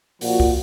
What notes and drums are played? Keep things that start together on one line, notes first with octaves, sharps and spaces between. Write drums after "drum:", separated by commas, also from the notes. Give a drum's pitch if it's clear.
A#2 F3 F#4, drum: open hi-hat
drum: kick